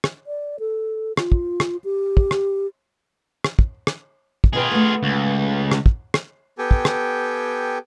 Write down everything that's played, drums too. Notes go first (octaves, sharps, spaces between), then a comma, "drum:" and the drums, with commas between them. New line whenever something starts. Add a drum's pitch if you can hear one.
drum: rim click
D5
A4
F4, drum: rim click
drum: kick
drum: rim click
G4
drum: kick
drum: rim click
drum: rim click
drum: kick
drum: rim click
drum: kick
B2 F4 G#4 B4 G5
A3 B3
C#2
drum: rim click
drum: kick
drum: rim click
B3 G4 A4 G5 G#5
drum: kick
drum: rim click